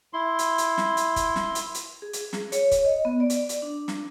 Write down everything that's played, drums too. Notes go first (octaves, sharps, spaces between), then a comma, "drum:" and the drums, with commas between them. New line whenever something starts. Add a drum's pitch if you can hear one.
E4 C6
drum: hi-hat
drum: hi-hat
drum: snare
drum: hi-hat
drum: kick, hi-hat
drum: snare
drum: hi-hat
drum: hi-hat
G#4
drum: hi-hat
drum: snare
C#5, drum: hi-hat
drum: kick, hi-hat
D#5
B3
D5
drum: hi-hat
drum: hi-hat
D4
drum: snare